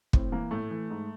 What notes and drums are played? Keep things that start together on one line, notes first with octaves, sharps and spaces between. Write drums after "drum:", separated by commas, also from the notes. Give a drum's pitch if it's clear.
A2 C4, drum: kick
E3 A#3
A2 A3
E3
G#2